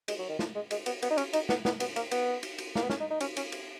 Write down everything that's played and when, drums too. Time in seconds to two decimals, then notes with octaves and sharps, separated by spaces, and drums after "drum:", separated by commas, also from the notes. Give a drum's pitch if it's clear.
0.08 G#3, drum: cymbal
0.19 F#3
0.29 D#3
0.39 F3, drum: snare
0.55 G#3
0.71 G#3, drum: cymbal
0.86 B3, drum: cymbal
1.02 B3, drum: cymbal
1.11 D#4
1.18 C#4, drum: cymbal
1.33 D#4, drum: cymbal
1.49 B3, drum: snare
1.65 B3, drum: snare
1.80 B3, drum: cymbal
1.96 A#3, drum: cymbal
2.11 B3, drum: cymbal
2.43 drum: cymbal
2.58 drum: cymbal
2.75 A#3, drum: snare
2.83 B3
2.90 C#4, drum: snare
3.00 D#4
3.11 D#4
3.20 C#4, drum: cymbal
3.37 C#4, drum: cymbal
3.52 drum: cymbal